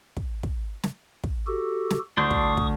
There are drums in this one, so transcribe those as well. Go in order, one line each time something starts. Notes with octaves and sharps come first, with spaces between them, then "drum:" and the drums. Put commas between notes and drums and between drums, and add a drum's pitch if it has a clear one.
drum: kick
drum: kick
drum: snare
drum: kick
F#4 G4 A4
drum: snare
D2 D4 C6 C#6 D#6 G6
drum: kick
drum: kick